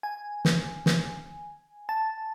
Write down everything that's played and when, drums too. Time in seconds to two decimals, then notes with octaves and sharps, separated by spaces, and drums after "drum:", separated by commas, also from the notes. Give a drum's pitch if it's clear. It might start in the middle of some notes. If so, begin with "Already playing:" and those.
0.03 G#5
0.45 drum: snare
0.86 drum: snare
1.89 A5